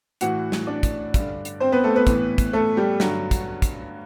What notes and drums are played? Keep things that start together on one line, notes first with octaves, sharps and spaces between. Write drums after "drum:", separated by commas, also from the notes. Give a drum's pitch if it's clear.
A2 E3 F#4 F#5, drum: hi-hat
drum: snare
D4 D5
drum: kick, hi-hat
G2 D3, drum: kick, hi-hat
drum: hi-hat
C4 C5
B3 B4
A3 A4
B3 B4
A2 E3, drum: kick, hi-hat
drum: kick, hi-hat
A3 A4
G3 G4
G2 D3 F#3 F#4, drum: snare
drum: kick, hi-hat
drum: kick, hi-hat